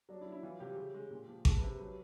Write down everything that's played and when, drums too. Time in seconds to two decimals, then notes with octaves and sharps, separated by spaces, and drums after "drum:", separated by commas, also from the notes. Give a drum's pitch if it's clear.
0.09 F#3 D4
0.21 E4
0.26 F#3
0.32 E4
0.43 E3 F4
0.60 C3 G4
0.77 C#3
0.94 G#3
1.11 A#2
1.28 F3
1.45 G#3 A4, drum: kick G#1
1.56 B4
1.62 C3
1.68 B4
1.78 F#3 B4